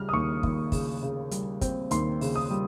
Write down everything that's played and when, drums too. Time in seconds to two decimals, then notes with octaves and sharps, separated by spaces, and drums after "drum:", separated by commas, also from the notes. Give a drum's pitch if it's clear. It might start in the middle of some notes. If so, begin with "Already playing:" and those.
Already playing: C#3 G3 F6
0.09 D#6
0.13 D#2 C#6
0.43 D#2, drum: kick
0.72 C#3, drum: kick, open hi-hat
1.03 C#3
1.31 G3, drum: hi-hat
1.61 C4, drum: kick, hi-hat
1.91 D#2 C6, drum: hi-hat
2.21 C#3, drum: open hi-hat
2.36 D#6
2.51 G3